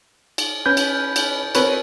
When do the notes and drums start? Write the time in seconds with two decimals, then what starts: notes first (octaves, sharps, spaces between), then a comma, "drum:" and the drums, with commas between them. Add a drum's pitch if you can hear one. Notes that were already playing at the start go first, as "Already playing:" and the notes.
0.38 drum: cymbal
0.66 C#4 B4 G6
0.77 drum: cymbal
1.16 drum: cymbal
1.55 C4 F#4 A#4 B4 C#5, drum: cymbal